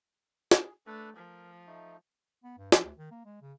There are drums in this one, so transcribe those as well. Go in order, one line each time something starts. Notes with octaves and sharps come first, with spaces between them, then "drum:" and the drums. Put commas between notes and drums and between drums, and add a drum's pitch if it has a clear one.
G#4, drum: snare
A3 D4 A4 B4
F3 A#4
A3 D#4
B3
G2
F3, drum: snare
D2
D#3
A#3
G#3
C#3